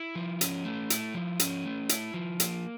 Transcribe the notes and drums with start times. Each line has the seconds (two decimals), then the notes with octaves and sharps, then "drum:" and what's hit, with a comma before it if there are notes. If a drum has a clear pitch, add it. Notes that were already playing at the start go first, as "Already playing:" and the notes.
Already playing: E4
0.15 F3
0.41 C#4, drum: hi-hat
0.65 A3
0.90 E4, drum: hi-hat
1.14 F3
1.40 C#4, drum: hi-hat
1.65 A3
1.89 E4, drum: hi-hat
2.14 F3
2.40 A#3, drum: hi-hat